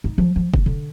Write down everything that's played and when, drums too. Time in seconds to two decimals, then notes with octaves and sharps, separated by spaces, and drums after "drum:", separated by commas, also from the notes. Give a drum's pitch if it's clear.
0.04 D#4
0.18 F3
0.36 F3
0.54 C#3, drum: kick
0.66 D3